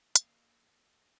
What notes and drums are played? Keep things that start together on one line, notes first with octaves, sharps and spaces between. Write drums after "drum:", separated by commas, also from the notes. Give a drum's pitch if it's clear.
A#3 A4 D5 D#5 F5, drum: hi-hat